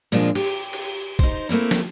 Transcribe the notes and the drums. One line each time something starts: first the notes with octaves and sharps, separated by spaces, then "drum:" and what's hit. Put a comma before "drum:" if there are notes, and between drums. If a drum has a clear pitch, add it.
A#2 F3 G#3 D4 F4
G4, drum: cymbal
drum: cymbal
D#4 C5, drum: kick
A3 A#3 C4 E4
drum: snare